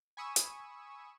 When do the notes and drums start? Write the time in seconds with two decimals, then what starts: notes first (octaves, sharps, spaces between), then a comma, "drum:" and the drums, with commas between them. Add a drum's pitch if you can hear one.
0.17 G#5 B5 C#6 D#6 E6
0.36 drum: hi-hat